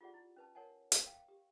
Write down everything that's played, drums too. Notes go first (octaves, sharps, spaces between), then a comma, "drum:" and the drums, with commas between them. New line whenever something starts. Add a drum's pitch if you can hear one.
F4 G4 G#4 D5 F#5
E4
C#4 B4 A5
A#4 C#5 F#5 G#5 A5
drum: hi-hat
F5 G5
G4